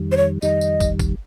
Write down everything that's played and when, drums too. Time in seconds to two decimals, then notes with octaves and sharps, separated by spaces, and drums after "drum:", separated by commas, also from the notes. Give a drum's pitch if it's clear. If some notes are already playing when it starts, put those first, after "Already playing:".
Already playing: F2 D#3 G3
0.12 C5
0.17 C#5
0.42 F2 D#3 G3 D#5, drum: tambourine
0.61 drum: tambourine
0.80 drum: kick, tambourine
0.99 drum: kick, tambourine